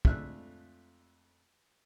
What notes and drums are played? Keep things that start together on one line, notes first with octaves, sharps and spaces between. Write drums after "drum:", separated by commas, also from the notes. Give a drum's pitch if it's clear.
F2 G#3 A3 D4 E5 F#6, drum: kick